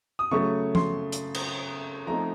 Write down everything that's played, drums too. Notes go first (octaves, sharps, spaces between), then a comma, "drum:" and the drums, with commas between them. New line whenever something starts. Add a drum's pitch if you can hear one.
D#6
C#3 F#3 A3 C#6
C6, drum: tom F3
drum: hi-hat
drum: cymbal
F3 A3 C4 D#4 A#5